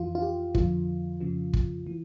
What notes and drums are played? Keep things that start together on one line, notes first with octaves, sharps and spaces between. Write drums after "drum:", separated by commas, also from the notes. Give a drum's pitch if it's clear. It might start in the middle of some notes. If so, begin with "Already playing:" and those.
Already playing: F2 E3 F4
F4
G4
F2 D3 F3 F4, drum: kick
F2 C#3 F3
drum: kick
E3